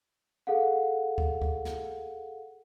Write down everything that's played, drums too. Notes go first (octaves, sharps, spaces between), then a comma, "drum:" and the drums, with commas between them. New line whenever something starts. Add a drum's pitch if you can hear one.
G#4 A4 F5 F#5
drum: kick D2
drum: kick D2
drum: snare